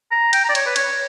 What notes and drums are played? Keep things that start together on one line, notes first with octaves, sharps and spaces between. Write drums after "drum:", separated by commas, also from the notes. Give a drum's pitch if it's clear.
A#5
G5, drum: cymbal
A#5
D5
C#5, drum: cymbal
B4
C#5, drum: cymbal